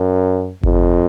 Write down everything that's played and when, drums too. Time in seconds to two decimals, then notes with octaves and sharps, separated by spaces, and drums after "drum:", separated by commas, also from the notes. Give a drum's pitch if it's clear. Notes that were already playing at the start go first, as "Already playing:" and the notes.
Already playing: F#2
0.63 F2, drum: kick G1